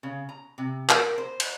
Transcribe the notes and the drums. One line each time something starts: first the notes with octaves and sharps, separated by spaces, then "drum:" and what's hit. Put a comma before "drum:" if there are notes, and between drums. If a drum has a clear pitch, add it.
C#3
A#5
C3
A#4, drum: clap
C5
drum: cymbal